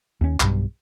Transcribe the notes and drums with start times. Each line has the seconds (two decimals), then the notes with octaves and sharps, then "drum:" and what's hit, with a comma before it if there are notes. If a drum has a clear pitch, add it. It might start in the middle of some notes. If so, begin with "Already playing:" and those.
0.21 D#2 C#4
0.40 B1 G2, drum: clap